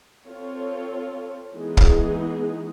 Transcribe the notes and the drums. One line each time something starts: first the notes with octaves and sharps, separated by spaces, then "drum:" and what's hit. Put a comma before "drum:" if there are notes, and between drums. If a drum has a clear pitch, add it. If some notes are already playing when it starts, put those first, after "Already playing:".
C4 F4 A4 C#5
E3 G#3 B3 D#4 G#4
drum: kick